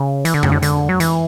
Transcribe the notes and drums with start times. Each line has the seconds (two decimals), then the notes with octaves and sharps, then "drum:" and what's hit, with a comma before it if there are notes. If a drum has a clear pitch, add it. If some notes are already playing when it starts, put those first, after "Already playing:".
Already playing: C#3
0.25 E3, drum: hi-hat
0.34 D3
0.43 C#3, drum: tom F2
0.52 D3
0.62 D3, drum: hi-hat
0.89 F#3
1.00 E3, drum: hi-hat